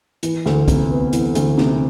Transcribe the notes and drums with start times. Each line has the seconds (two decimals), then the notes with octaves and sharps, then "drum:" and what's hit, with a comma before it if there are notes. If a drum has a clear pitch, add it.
0.23 E3, drum: hi-hat
0.46 D2, drum: snare
0.68 C3, drum: kick, hi-hat
0.90 B3
1.13 E3, drum: hi-hat
1.35 D2, drum: hi-hat
1.58 C3, drum: snare